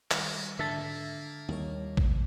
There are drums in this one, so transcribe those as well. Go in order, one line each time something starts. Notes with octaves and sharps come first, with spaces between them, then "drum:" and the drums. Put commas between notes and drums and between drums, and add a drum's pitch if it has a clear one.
D#3 G3 F#4, drum: clap
G#2 D3 A#3 E5 A5
D#2 G3 A#4 C#5
drum: kick